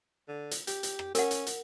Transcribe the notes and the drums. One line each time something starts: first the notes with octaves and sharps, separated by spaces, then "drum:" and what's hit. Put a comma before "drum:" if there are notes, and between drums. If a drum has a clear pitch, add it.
D3
drum: hi-hat
G4, drum: hi-hat
drum: hi-hat
drum: rim click
C#4 A#4 F#5, drum: hi-hat
drum: hi-hat
drum: hi-hat